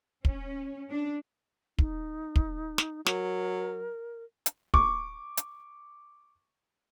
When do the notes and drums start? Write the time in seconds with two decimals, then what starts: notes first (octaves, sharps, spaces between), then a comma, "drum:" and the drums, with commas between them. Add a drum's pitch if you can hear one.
0.25 C#4, drum: kick
0.89 D4
1.78 D#4, drum: kick
2.36 drum: kick
2.78 drum: snare
3.06 F#3 A#4, drum: snare
4.46 drum: hi-hat
4.74 C#6 D6, drum: kick
5.37 drum: hi-hat